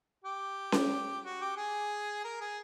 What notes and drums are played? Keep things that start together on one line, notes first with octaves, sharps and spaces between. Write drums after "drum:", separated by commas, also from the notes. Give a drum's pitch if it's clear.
G4
drum: snare C#4
F#4
G4
G#4
A#4
G#4